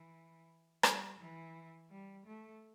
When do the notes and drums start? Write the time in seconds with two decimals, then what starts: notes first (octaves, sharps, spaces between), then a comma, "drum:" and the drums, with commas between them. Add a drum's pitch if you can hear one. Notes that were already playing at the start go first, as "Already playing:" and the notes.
Already playing: E3
0.83 G3, drum: rim click
1.19 E3
1.90 G3
2.26 A3